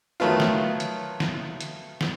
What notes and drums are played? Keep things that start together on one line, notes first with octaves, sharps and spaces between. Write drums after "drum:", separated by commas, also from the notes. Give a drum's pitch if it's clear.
D#3 F#3 A3 B3 F4
drum: snare
drum: hi-hat
drum: snare
drum: hi-hat
drum: snare